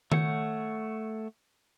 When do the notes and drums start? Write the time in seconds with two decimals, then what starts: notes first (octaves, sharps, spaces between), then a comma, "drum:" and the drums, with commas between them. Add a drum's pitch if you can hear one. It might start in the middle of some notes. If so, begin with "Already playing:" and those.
0.12 A3 C#5 F#5 G6, drum: tom D#3